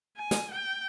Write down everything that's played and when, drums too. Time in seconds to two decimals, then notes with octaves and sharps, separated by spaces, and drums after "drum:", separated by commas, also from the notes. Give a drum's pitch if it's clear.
0.17 G#5
0.31 drum: snare
0.52 G5